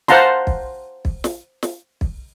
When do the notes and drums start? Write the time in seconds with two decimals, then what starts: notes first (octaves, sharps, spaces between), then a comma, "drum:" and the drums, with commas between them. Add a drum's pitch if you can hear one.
0.08 C5 F5 F#5 A5 A#5 C6, drum: snare
0.47 drum: kick
1.05 drum: kick
1.24 drum: snare
1.63 drum: snare
2.01 drum: kick